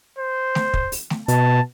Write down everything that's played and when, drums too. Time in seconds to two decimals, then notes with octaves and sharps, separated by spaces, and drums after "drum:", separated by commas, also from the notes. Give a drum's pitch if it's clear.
0.18 C5
0.55 drum: snare A3
0.74 drum: kick
0.92 drum: open hi-hat
1.10 drum: snare A3
1.28 B2 A5, drum: hi-hat